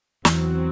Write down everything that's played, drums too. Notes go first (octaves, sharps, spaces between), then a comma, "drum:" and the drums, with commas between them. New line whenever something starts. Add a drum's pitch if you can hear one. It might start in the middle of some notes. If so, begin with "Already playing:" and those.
E2 E3 F#3 C4 F#4, drum: snare